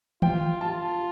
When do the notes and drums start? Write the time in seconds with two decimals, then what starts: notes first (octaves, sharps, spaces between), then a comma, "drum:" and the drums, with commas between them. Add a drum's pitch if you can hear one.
0.22 F4 G5, drum: tom D#3
0.61 F4 A5